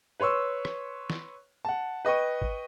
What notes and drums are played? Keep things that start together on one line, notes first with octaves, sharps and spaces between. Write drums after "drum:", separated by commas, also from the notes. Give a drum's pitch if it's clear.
B4 C#5 C6 C#6 E6
drum: rim click
drum: snare
F#5 A5
B4 D#5 G5 C#6
drum: kick